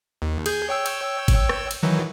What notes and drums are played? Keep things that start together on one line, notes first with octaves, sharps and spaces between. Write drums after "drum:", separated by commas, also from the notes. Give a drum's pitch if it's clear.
D#2
G#4 G6, drum: cymbal
C#5 G5 E6
drum: cymbal
drum: kick G1, cymbal
drum: rim click
drum: cymbal
D#3 E3 F#3